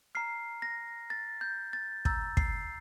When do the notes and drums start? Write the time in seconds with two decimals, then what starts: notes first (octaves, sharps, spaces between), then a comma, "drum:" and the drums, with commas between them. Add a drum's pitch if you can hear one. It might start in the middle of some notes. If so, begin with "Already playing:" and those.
0.15 A#5 F6 C7
0.62 A#6
1.10 A6
1.41 G6
1.73 A6
2.05 A#5 E6 G6 A6, drum: kick
2.37 C7, drum: kick